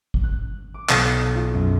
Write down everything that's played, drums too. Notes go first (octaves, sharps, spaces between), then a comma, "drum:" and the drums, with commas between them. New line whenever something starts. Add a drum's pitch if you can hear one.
drum: kick G#1
F#6
D6
B1, drum: clap
F4
F#2